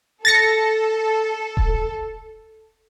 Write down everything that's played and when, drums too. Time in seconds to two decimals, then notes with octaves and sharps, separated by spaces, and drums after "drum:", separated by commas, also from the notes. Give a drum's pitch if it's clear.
0.25 A4 A6 A#6 C#7
1.57 drum: kick D#1